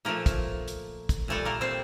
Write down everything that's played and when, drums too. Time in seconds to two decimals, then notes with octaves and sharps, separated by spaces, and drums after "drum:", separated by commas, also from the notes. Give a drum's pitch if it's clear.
0.05 A#2 F3 A3 A#3 A#4
0.26 drum: kick, hi-hat
0.68 drum: hi-hat
1.09 drum: kick, hi-hat
1.28 A#2 G3 A3 A4
1.45 A#3 A#4
1.61 C4 C5